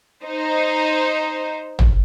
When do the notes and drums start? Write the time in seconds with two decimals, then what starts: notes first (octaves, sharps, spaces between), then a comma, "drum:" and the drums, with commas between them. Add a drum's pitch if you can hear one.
0.23 D#4 C5
1.79 drum: tom